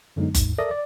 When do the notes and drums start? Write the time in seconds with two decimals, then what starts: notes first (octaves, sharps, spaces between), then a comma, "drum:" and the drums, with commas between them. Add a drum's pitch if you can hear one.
0.16 F#2 D3 F#3 G#3 B3 D#4
0.34 A1 D#2 G#2, drum: kick F#1, hi-hat
0.58 A4 A#4 D5 E5 D#6 A#6
0.71 D5